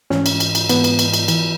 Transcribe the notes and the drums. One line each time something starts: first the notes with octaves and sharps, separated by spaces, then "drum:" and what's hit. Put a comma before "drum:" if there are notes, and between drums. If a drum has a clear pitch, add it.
G#2 E3 C#4, drum: snare
drum: cymbal
drum: cymbal
drum: cymbal
G#2 E3 B3, drum: cymbal
drum: cymbal
drum: cymbal
drum: cymbal
E3, drum: cymbal